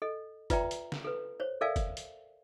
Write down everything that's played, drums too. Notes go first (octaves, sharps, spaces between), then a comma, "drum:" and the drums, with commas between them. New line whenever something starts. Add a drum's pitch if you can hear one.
A4 D#5
F4 B4 D5 E5 G5 A#5, drum: kick, hi-hat
drum: hi-hat
drum: snare
A4 B4
C5 C#5
A4 A#4 D5 E5 F5 G#5
drum: kick, hi-hat
drum: hi-hat